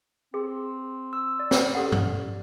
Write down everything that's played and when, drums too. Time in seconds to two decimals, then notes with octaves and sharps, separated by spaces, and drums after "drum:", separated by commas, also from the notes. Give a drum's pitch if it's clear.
0.34 C4 G#4
1.13 E6
1.39 D5
1.51 drum: snare
1.75 C#4 G4 A4 F#5
1.92 drum: tom G2